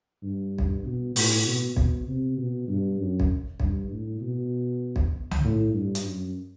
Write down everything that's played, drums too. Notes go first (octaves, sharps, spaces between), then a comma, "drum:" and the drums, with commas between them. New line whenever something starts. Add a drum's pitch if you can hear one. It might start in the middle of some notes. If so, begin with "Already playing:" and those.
G2
drum: kick B1
B2
A2, drum: open hi-hat
B2
B2, drum: kick B1
C3
B2
G2
F#2
drum: kick B1
G2, drum: kick B1
A2
B2
drum: kick B1
drum: tom C2
A2
G2
drum: hi-hat
F#2